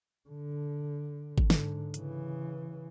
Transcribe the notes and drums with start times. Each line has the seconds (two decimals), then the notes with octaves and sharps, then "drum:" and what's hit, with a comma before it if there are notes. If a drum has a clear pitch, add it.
0.29 D3
1.38 drum: kick G#1
1.50 G#2 D3, drum: snare
1.94 C#3 E3, drum: hi-hat